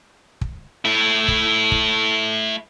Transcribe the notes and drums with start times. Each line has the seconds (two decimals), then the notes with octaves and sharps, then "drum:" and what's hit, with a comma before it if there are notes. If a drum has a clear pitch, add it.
0.41 drum: kick
0.85 A3 E4
1.28 drum: kick
1.72 drum: kick